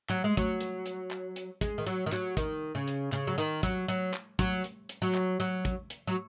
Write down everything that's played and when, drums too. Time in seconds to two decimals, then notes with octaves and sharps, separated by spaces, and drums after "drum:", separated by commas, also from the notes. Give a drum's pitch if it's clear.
0.10 F#3, drum: clap
0.24 G#3
0.37 F#3, drum: kick, hi-hat
0.60 drum: hi-hat
0.86 drum: hi-hat
1.11 drum: clap
1.36 drum: hi-hat
1.61 G#3, drum: kick, hi-hat
1.78 D#3
1.87 F#3, drum: hi-hat
2.06 D#3
2.12 F#3, drum: clap
2.37 D#3, drum: kick, hi-hat
2.75 C#3
2.88 drum: hi-hat
3.12 C#3, drum: clap
3.27 F#3
3.38 D#3, drum: hi-hat
3.63 F#3, drum: kick, hi-hat
3.88 F#3, drum: hi-hat
4.14 drum: clap
4.39 F#3, drum: kick, hi-hat
4.64 drum: hi-hat
4.89 drum: hi-hat
5.02 F#3
5.15 drum: clap
5.40 F#3, drum: hi-hat
5.65 drum: kick, hi-hat
5.90 drum: hi-hat
6.07 F#3